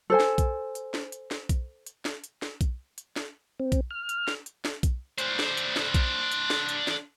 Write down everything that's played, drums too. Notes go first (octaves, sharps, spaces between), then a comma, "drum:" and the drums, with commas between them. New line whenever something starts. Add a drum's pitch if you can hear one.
A4 C5 G#5
drum: snare
drum: kick B1, hi-hat
drum: hi-hat
drum: snare
drum: hi-hat
drum: snare
drum: kick B1, hi-hat
drum: hi-hat
drum: snare
drum: hi-hat
drum: snare
drum: kick B1, hi-hat
drum: hi-hat
drum: snare
C4
drum: kick B1, hi-hat
F6
drum: hi-hat
drum: snare
drum: hi-hat
drum: snare
drum: kick B1, hi-hat
D4 C5, drum: hi-hat
drum: snare
drum: hi-hat
drum: snare
drum: kick B1, hi-hat
drum: hi-hat
drum: snare
drum: hi-hat
drum: snare